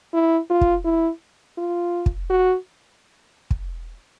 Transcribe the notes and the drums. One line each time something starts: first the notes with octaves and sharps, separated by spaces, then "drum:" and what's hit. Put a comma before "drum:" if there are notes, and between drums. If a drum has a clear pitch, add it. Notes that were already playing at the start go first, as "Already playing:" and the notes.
E4
F4
drum: kick
E4
F4
drum: kick
F#4
drum: kick